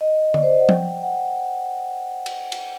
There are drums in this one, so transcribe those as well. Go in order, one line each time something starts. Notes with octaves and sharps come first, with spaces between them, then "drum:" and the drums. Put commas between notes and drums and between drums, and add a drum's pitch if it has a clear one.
D#5
D5, drum: tom D3
C5
D#5
F#5
G5, drum: tom F3
F#5
drum: cymbal
drum: cymbal